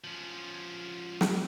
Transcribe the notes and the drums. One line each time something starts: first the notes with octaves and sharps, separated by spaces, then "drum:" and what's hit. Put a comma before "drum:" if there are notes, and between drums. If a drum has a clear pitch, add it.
F3 C#4
drum: snare